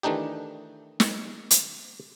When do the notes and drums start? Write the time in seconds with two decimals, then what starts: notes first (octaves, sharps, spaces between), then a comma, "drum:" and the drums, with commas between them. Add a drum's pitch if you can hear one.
0.03 D#3 E3 A3 D4 D#4 G4
1.00 drum: snare
1.51 drum: hi-hat